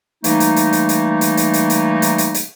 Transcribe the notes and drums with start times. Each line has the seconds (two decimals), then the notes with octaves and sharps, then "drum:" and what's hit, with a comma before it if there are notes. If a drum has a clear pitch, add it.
0.24 E3 G3 A3 A#3 D#4, drum: hi-hat
0.40 drum: hi-hat
0.56 drum: hi-hat
0.73 drum: hi-hat
0.89 drum: hi-hat
1.21 drum: hi-hat
1.37 drum: hi-hat
1.54 drum: hi-hat
1.70 drum: hi-hat
2.02 drum: hi-hat
2.18 drum: hi-hat
2.34 drum: hi-hat